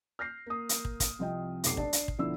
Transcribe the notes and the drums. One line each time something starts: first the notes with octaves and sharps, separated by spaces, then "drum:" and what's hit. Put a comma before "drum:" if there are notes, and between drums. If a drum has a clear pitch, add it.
F6 G6 A#6 C7
A#3 D#6
drum: hi-hat
drum: kick
drum: kick, hi-hat
C2 F3 C4 D#5 G5
F1 B1 G4 D6 C7, drum: hi-hat
D4 D5 A5, drum: kick
drum: hi-hat
drum: kick
B2 D3 F3 E4 D5 E6